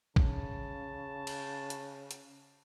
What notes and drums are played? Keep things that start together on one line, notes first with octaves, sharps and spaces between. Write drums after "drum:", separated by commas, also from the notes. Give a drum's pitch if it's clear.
C#3 A5, drum: kick A1
drum: cymbal
drum: hi-hat
drum: hi-hat